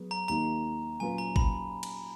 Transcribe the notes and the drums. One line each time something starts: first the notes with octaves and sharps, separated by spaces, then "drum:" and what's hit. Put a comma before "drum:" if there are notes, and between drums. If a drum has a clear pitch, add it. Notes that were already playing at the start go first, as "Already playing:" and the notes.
Already playing: F#3 B3 G#4
A#5
D#2 D#3 A#3 A#5
A#2 F#3 C#4 F4 B4 G#5
A#5
B5, drum: kick
drum: cymbal